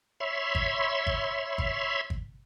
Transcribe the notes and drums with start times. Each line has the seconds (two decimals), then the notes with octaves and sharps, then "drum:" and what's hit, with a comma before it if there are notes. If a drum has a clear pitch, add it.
0.20 C#5 E5 B5 C6
0.55 drum: kick G1
1.07 drum: kick G1
1.58 drum: kick G1
2.10 drum: kick G1